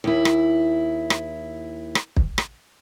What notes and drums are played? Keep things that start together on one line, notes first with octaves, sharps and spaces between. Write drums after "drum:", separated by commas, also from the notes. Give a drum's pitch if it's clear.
D#2 E4
drum: rim click
drum: rim click
drum: rim click
drum: kick
drum: rim click